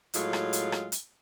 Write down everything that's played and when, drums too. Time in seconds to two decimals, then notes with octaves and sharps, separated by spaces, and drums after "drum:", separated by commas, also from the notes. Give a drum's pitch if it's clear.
0.14 A2 F#3 G#3 F4, drum: hi-hat
0.33 drum: rim click
0.53 drum: hi-hat
0.72 drum: rim click
0.92 drum: hi-hat